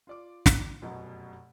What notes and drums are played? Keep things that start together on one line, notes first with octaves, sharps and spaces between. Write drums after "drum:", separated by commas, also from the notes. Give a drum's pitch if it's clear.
F4 D5 D6
drum: snare
F1 F#2 B2 D#5 A#5